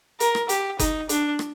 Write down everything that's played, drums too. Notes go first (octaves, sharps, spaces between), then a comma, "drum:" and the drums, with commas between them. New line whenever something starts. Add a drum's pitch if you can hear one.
A#4, drum: hi-hat
drum: rim click
G4, drum: hi-hat
D#4, drum: kick F#1, hi-hat
D4, drum: hi-hat
drum: rim click